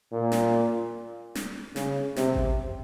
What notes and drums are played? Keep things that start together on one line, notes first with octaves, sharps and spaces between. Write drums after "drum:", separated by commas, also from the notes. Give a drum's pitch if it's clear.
A#2
drum: snare
drum: snare
C#3, drum: snare
C3, drum: snare
drum: kick G#1